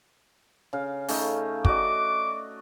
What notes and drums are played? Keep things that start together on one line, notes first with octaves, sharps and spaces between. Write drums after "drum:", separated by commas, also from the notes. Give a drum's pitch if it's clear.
C#3 F5
C#3 A3 D#4, drum: open hi-hat
F#4 D5 D#5 D6, drum: kick